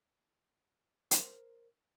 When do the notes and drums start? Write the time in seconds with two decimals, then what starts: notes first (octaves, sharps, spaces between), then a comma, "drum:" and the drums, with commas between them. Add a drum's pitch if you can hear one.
1.11 A#4 C5, drum: hi-hat